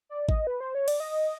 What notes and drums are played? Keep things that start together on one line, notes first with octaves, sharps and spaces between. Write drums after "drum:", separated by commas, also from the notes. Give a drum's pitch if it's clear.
D5
D#5, drum: kick G#1
B4
C5
C#5
D5, drum: cymbal
D#5